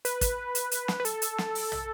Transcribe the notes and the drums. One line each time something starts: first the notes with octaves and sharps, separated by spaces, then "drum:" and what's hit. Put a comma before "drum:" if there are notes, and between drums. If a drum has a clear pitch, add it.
B4, drum: hi-hat
drum: kick, hi-hat
drum: hi-hat
drum: hi-hat
drum: snare
B4
A4, drum: hi-hat
drum: hi-hat
drum: snare
drum: open hi-hat
drum: tom